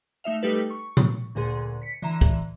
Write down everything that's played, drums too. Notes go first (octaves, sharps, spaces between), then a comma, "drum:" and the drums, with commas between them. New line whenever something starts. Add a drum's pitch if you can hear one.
A3 D#4 E5 F5
G3 A3 D#4 G4 A4 B4
C#6
drum: tom A#2
D2 A#2 D3 G#4 C6
B6 C#7
D3 E3 E5 A#5
drum: kick